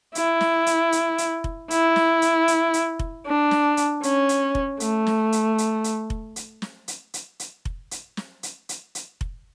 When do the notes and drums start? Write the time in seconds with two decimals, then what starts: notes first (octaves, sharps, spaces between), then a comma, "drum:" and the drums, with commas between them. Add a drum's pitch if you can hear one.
0.15 E4, drum: hi-hat
0.41 drum: snare
0.66 drum: hi-hat
0.92 drum: hi-hat
1.18 drum: hi-hat
1.44 drum: kick F1
1.70 E4, drum: hi-hat
1.96 drum: snare
2.22 drum: hi-hat
2.48 drum: hi-hat
2.74 drum: hi-hat
2.99 drum: kick F1
3.26 D4
3.51 drum: snare
3.77 drum: hi-hat
4.03 C#4, drum: hi-hat
4.29 drum: hi-hat
4.55 drum: kick F1
4.80 A3, drum: hi-hat
5.07 drum: snare
5.32 drum: hi-hat
5.58 drum: hi-hat
5.84 drum: hi-hat
6.10 drum: kick F1
6.36 drum: hi-hat
6.62 drum: snare
6.88 drum: hi-hat
7.14 drum: hi-hat
7.40 drum: hi-hat
7.65 drum: kick F1
7.91 drum: hi-hat
8.17 drum: snare
8.43 drum: hi-hat
8.69 drum: hi-hat
8.95 drum: hi-hat
9.21 drum: kick F1